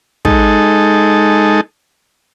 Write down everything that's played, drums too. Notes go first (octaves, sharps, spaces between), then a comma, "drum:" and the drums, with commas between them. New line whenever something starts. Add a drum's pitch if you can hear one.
G#3 D#4 A4, drum: kick